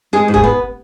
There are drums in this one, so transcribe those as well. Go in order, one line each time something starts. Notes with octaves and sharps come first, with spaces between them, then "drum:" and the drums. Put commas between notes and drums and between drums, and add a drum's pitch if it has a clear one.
G#3 G#4
G#2
G#4, drum: kick
B3